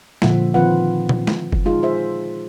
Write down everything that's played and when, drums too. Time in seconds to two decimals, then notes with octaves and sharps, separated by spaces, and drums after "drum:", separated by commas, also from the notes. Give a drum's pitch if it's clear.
0.22 A#2 D3 F3 F4 E5 F#5, drum: snare G#3
0.54 D#3 F3 C4 F4 B4 F#5
1.09 drum: tom A#2
1.27 drum: snare G#3
1.52 drum: kick F#1
1.65 G#3 D#4 F4 G#4
1.82 G#4 C5 E5